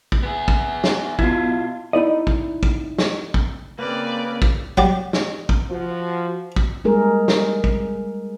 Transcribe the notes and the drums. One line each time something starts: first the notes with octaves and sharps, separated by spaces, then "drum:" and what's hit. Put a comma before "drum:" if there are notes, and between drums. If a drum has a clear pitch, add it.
drum: kick
B3 G#4
drum: kick
drum: snare
B1 E4 F4 G#6, drum: kick
D#4 E4 D5 D#5
drum: kick
drum: kick
drum: snare
drum: kick
C#3 A#3 C4 B4 D5
drum: kick
F#3 G3 G4, drum: kick
drum: snare
drum: kick
F3 F#4
drum: kick
G3 G#3 G#4 A#4
drum: snare
drum: kick